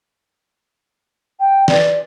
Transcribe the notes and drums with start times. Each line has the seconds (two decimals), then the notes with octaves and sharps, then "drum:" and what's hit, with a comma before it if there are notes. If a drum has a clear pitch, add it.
1.40 G5
1.68 D5, drum: snare